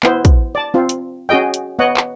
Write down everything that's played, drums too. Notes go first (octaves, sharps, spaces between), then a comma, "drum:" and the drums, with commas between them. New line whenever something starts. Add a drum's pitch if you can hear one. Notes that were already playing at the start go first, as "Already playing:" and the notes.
B3 E4 C5, drum: clap
drum: kick, hi-hat
D5 A5
C4 F4
drum: hi-hat
C#4 F#4 G#4 D#5 G5
drum: hi-hat
B3 C#5 D#5 F#5
drum: clap